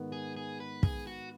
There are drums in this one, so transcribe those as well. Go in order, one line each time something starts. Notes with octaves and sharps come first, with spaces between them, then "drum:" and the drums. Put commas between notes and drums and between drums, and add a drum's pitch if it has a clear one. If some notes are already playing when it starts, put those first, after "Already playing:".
Already playing: G#2 D#3 B3
G#4
G#4
B4
G#4, drum: kick
F#4